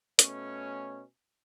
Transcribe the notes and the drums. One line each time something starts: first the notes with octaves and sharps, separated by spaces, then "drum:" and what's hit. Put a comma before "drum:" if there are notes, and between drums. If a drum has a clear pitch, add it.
B2 A3 C#4, drum: hi-hat